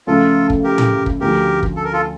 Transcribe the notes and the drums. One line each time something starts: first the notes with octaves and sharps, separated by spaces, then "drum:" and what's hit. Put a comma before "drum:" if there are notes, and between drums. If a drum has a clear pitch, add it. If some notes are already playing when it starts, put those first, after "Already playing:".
C#2 C#3 F3 A3 F4 A4
drum: kick
G4 A#4
drum: tom A2
drum: kick
D2 D3 F3 G4 A#4
drum: kick
A4
A#4
F4 A4